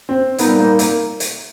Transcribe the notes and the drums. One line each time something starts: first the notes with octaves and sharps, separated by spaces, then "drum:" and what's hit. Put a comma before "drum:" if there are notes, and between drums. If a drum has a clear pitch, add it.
C4
A#2 G3 B3 C4 D#4, drum: hi-hat
A#3
A#3, drum: hi-hat
drum: hi-hat